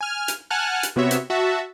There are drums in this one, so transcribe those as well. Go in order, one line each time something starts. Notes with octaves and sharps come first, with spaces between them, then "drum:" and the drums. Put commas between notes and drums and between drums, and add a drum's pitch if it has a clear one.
G#5 F6
drum: hi-hat
F#5 G#5 A5 F6 F#6
drum: hi-hat
C3 B3 F#4 C#5 E5
drum: hi-hat
F#4 E5 A5